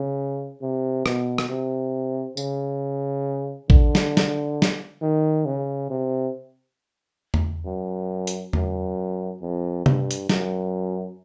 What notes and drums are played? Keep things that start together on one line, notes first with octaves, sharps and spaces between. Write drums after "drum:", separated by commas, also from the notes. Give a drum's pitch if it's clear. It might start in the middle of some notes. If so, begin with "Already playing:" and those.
Already playing: C#3
C3
B2, drum: rim click
drum: rim click
C3
C#3, drum: tambourine
D3, drum: kick
drum: snare
drum: snare
drum: snare
D#3
C#3
C3
drum: tom E2
F#2
drum: hi-hat
F#2, drum: tom E2
F2
G2, drum: tom C3
drum: hi-hat
F#2, drum: snare